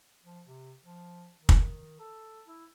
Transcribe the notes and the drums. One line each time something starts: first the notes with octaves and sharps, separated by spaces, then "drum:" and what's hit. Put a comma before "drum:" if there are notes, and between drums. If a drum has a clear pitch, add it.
F3
C3
F3
D#3
drum: kick
A4
E4